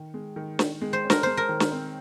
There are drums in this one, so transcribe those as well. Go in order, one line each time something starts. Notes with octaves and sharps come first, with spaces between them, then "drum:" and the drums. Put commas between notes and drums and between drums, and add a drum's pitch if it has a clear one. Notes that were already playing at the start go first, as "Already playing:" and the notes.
Already playing: D#3
G#3
D#3
D#3, drum: snare
G#3
C5
C#4
A#4, drum: snare
G#3 C5
A#4
D#3
drum: snare
C4